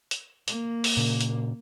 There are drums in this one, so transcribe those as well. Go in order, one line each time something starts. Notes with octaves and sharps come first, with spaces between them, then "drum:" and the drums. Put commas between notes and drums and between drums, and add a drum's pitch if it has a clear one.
drum: hi-hat
A#3, drum: hi-hat
drum: open hi-hat
A#2 C#3
drum: hi-hat